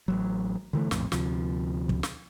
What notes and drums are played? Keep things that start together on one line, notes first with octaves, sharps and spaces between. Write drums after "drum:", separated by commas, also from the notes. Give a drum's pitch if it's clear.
A1 F#3
D3 E3 A3
A#1 F2 A2, drum: snare
D2 C3 F3, drum: snare
drum: kick
drum: snare